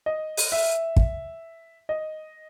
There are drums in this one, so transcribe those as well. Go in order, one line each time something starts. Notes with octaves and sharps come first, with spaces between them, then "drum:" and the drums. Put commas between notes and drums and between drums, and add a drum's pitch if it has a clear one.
D#5
drum: open hi-hat
E5
drum: kick
D#5